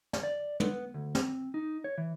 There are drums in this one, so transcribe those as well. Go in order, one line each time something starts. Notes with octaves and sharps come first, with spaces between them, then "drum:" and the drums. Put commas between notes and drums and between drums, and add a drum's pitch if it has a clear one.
drum: snare
D5
B3, drum: tom
D2
C4, drum: snare
D#4
C#5
E3